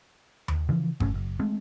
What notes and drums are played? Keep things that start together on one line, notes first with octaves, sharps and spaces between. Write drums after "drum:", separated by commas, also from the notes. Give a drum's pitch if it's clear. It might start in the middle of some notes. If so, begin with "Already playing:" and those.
drum: tom D#2
C#3 E3 F3
D2 G2 A3 C#4, drum: kick F#1
F#1
G#3 A3 C4